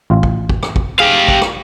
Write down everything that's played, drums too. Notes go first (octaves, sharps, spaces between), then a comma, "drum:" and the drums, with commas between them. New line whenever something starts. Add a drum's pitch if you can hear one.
A1 F4
drum: kick
drum: kick
drum: rim click
drum: kick
G4 G#4 F5
drum: kick
drum: rim click